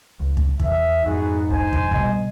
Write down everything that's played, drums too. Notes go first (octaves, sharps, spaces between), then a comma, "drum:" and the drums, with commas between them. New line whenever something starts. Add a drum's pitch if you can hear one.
C#2
drum: kick
E2 E5, drum: kick
F2 G#2 B3 D#4 F#4 G#4
D4 C5 G#5
drum: kick
B2 G3 D#5